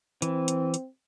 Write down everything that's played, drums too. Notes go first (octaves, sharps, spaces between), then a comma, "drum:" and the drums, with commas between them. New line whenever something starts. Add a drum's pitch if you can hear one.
E3 C4, drum: hi-hat
drum: hi-hat
drum: hi-hat